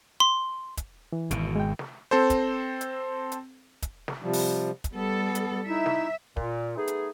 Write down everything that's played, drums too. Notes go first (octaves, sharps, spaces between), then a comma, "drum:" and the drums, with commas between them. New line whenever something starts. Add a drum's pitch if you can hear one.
C6
drum: kick, hi-hat
E3
G#1 B2, drum: hi-hat
G#3 G5
drum: snare
C4 A4 C5
drum: kick, hi-hat
drum: hi-hat
drum: hi-hat
drum: kick, hi-hat
drum: snare
C3 F3 G3
drum: open hi-hat
drum: kick, hi-hat
G3 B3 A4
drum: hi-hat
D#4 E4 E5
drum: snare
A#2, drum: kick
A3 B3 D#4 G#4
drum: hi-hat